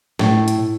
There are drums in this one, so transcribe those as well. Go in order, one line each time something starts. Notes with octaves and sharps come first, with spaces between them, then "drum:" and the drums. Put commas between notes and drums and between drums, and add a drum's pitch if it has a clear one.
A2, drum: snare
drum: hi-hat